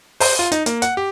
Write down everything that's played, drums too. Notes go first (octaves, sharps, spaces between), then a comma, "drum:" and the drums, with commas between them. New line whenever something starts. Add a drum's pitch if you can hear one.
C5, drum: open hi-hat
F4
D#4, drum: hi-hat
A#3, drum: hi-hat
F#5, drum: hi-hat
G4